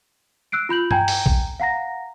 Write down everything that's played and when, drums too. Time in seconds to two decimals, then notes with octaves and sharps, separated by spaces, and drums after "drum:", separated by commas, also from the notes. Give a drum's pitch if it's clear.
0.52 E6 F#6 C7 D7
0.69 F4 B5 G6 F#7
0.91 G5 G#5 A#5 G6 G#6, drum: tom G2
1.08 drum: open hi-hat
1.26 drum: kick A#1
1.60 F5 F#5 A#5 A#6